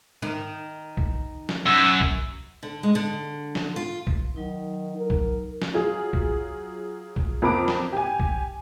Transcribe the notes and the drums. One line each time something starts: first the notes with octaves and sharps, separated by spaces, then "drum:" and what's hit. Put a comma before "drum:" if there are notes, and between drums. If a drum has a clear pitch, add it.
D#3
drum: kick B1
drum: snare
F#2 E6
drum: kick B1
D3
G#3
D3
drum: snare
F4
drum: kick B1
D#3 F#3 D#4
A#4
drum: kick B1
drum: snare
F#3 F4 G#4
drum: kick B1
drum: kick B1
F2 A#4 B5 D6 D7
drum: snare
G4 G#5
drum: kick B1